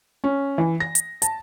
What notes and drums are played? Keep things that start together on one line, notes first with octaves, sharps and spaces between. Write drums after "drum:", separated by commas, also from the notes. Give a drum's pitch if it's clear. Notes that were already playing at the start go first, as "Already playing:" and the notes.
C#4
E3
A#6
drum: hi-hat
A5, drum: hi-hat